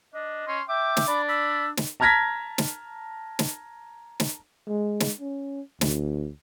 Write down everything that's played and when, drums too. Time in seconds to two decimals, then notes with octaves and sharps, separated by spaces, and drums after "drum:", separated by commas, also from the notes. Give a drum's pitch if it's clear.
0.14 D4 D#5
0.48 C#4 C6
0.69 E5 G5 D6
0.97 drum: snare
1.08 D4 D5 B5
1.29 B5 E6
1.77 drum: snare
2.00 A5 A#5 F6 G#6 A#6 B6
2.58 drum: snare
3.39 drum: snare
4.20 drum: snare
4.67 G#3
5.00 drum: snare
5.20 C#4
5.81 D2, drum: snare